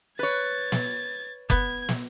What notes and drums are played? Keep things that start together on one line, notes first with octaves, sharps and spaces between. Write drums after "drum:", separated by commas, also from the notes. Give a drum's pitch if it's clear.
B4 C#5 G#6 A6
drum: snare
B3 G#6, drum: kick F#1
drum: snare